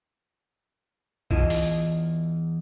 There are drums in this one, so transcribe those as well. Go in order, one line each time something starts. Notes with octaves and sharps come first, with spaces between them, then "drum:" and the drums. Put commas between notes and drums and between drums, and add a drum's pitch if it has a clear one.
E2 E4 F4 D#5, drum: kick
drum: open hi-hat